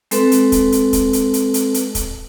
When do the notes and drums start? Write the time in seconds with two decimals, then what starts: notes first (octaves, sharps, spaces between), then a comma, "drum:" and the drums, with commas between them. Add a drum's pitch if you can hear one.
0.11 G#3 C4 A4 B4, drum: hi-hat
0.32 drum: hi-hat
0.52 drum: kick, hi-hat
0.72 drum: hi-hat
0.93 drum: kick, hi-hat
1.13 drum: hi-hat
1.34 drum: hi-hat
1.54 drum: hi-hat
1.74 drum: hi-hat
1.95 drum: kick, hi-hat